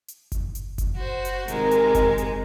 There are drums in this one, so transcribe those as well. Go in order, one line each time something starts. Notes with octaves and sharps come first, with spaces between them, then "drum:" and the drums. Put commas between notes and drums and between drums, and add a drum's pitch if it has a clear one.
drum: hi-hat
drum: kick F#1, hi-hat
drum: hi-hat
drum: kick F#1, hi-hat
F#4 C5
drum: hi-hat
G#1 C3 D#3 G#3 A#4, drum: hi-hat
drum: hi-hat
drum: kick F#1, hi-hat
drum: hi-hat